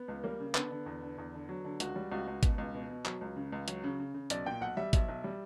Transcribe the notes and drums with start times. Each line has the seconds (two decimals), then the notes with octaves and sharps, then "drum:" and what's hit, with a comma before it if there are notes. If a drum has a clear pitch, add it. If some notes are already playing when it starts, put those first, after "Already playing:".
Already playing: B3
0.08 C#2
0.23 G3 A#3
0.40 C#3
0.55 D3 B3, drum: clap
0.71 D3
0.86 E2
1.02 D3
1.18 E2
1.34 D3
1.49 F#3
1.65 D3
1.80 C#2 F#4, drum: hi-hat
1.96 G3
2.11 C#2 F#4
2.28 C#2
2.43 B2, drum: kick, hi-hat
2.58 C#2
2.74 B2
2.90 B2
3.05 F#3, drum: clap
3.21 C#2
3.36 C#3
3.52 C#2
3.68 F#3, drum: hi-hat
3.84 C#3
3.99 C#3
4.14 C#3
4.30 B1 D5, drum: hi-hat
4.46 A#2 G5
4.61 B1 F#5
4.77 G3 E5
4.93 B1 E5, drum: kick, hi-hat
5.08 B1
5.24 G3